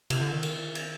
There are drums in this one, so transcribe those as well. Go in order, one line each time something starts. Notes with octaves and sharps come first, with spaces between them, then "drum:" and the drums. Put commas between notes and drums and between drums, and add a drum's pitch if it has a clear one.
C3, drum: cymbal
D3
D#3
drum: cymbal
drum: cymbal